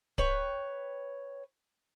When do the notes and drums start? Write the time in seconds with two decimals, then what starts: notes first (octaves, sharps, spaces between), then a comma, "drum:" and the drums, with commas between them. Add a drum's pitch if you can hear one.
0.18 B4 C#5 G5, drum: kick D1